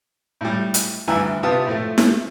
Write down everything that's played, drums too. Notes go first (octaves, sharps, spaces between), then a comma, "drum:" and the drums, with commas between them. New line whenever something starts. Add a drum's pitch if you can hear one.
A2 G3
drum: hi-hat
D2 G2 E3 E5 G#5 A#5
C3 B3 F4 G4 A5 D#6
A2 F3 A3
drum: snare E4